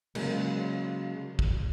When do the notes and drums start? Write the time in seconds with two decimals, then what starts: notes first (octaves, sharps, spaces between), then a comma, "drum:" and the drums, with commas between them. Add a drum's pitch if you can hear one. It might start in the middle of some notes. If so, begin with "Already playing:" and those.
0.15 C#3 F#3 G#3 A#3, drum: cymbal
1.39 drum: kick